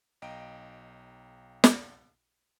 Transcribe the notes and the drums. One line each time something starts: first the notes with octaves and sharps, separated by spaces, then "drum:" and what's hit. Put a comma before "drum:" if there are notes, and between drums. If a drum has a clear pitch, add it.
B1 D#5 F5 G5 A#5 D7
drum: snare